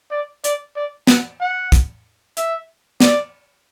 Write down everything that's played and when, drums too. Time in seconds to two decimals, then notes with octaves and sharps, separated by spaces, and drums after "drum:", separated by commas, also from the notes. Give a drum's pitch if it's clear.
0.11 D5
0.44 D5, drum: hi-hat
0.76 D5
1.07 F#5, drum: snare
1.40 F#5
1.72 drum: kick, hi-hat
2.37 E5, drum: hi-hat
3.00 D5, drum: snare